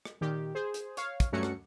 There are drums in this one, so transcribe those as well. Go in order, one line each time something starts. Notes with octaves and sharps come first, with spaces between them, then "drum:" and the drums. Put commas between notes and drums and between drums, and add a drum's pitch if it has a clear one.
drum: rim click
A#2 D#3 G4
G#4 C5
drum: hi-hat
C#5 F5, drum: hi-hat
drum: kick, hi-hat
G2 F#3 A3 C#4 F#4 C#7
drum: rim click